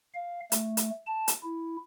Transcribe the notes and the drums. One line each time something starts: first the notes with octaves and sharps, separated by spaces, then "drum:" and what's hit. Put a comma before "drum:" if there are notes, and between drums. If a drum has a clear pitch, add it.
F5
A3, drum: hi-hat
drum: hi-hat
A5
drum: hi-hat
E4